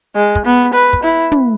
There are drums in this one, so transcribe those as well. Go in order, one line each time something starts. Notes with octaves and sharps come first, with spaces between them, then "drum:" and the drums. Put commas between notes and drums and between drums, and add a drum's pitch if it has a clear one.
G#3
drum: kick
B3
B4
drum: kick
E4
drum: tom